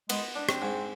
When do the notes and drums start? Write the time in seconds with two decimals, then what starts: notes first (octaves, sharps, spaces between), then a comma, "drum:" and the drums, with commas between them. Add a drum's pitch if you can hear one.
0.09 G#3 B3, drum: cymbal
0.35 D4
0.49 C4, drum: rim click
0.62 G#2